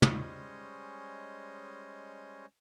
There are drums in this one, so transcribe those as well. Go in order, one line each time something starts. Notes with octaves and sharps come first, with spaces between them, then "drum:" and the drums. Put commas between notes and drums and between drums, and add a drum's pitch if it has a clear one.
G3 G#3 C#4 C5 C#5 D#5, drum: tom